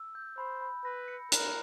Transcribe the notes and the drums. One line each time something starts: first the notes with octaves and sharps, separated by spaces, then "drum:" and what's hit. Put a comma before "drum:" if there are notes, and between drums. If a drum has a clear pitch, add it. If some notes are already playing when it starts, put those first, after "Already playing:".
Already playing: E6
G6
C5 B5
B5
B4 A#6
C#7
A#4 F#6, drum: hi-hat